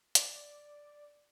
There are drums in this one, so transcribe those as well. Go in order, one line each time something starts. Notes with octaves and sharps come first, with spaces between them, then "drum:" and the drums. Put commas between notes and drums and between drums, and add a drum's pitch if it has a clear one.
D5, drum: hi-hat